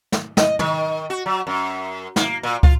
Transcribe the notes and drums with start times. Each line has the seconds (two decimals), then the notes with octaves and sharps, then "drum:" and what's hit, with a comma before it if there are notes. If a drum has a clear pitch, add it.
0.12 drum: snare
0.37 D#5, drum: snare
0.59 D#3, drum: tom
1.10 F#4
1.26 F#3
1.47 F#2
2.16 A#3, drum: snare
2.43 A#2
2.63 F4, drum: kick